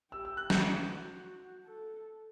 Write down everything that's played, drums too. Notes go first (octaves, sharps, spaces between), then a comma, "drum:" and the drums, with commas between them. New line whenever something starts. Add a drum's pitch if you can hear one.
G4 E6
E6
F#6
G6, drum: snare
F#4
F#4
A4